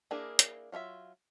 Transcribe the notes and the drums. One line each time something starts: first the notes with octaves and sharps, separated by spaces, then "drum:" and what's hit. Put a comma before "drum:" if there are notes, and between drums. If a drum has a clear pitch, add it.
A#3 D4 E4 G#4 A#4
drum: hi-hat
F#3 F4 G#4 E5